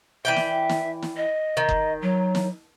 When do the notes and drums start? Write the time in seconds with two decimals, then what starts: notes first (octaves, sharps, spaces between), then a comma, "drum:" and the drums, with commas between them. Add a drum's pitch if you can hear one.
0.25 E3 D5 E5 G5
0.36 drum: snare
0.69 drum: snare
1.02 drum: snare
1.17 D#5
1.57 D#3
1.69 drum: kick F#1
2.02 F#3
2.35 drum: snare